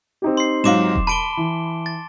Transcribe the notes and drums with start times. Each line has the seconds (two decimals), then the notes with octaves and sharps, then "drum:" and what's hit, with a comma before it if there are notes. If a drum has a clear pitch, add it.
0.22 C4 D#4 G4
0.37 C6 C7
0.64 G#2 F#3 F4 C6 D6 E7
0.96 drum: kick E1
1.07 A5 B5 D7 G7
1.37 E3
1.86 A6